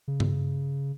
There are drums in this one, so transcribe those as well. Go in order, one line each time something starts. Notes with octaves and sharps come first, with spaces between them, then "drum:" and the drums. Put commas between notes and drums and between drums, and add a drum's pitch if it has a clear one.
C#3
drum: tom G2